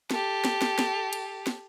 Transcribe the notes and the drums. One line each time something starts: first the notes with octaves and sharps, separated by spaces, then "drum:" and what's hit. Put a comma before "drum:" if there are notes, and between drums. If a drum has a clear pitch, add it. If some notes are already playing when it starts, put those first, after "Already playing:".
G4 A4, drum: snare
drum: snare
drum: snare
drum: snare
drum: cymbal
drum: snare